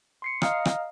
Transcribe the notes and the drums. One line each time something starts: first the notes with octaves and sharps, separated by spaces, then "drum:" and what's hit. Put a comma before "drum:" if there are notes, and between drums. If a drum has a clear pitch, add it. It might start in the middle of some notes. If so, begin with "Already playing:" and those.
C6 C7 C#7
D#5 F5 A#5 D#6 F6, drum: rim click
drum: rim click